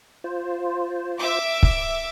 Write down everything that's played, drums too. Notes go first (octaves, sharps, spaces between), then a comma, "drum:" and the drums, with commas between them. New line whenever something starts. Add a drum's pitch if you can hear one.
F4 C5
E5 D6
drum: kick